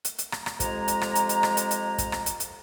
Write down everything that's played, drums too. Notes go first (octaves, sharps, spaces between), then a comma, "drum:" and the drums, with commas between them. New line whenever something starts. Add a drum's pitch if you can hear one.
drum: hi-hat
drum: hi-hat
drum: rim click
drum: rim click
F2 G#3 G4 A#5, drum: kick, hi-hat
drum: hi-hat
drum: rim click
drum: hi-hat
drum: hi-hat
drum: rim click
drum: hi-hat
drum: hi-hat
drum: kick, hi-hat
drum: rim click
drum: hi-hat
drum: hi-hat